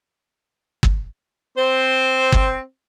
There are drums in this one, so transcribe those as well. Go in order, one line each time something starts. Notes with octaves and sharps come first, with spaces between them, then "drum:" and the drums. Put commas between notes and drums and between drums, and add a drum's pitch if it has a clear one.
drum: kick
C4 C5
drum: kick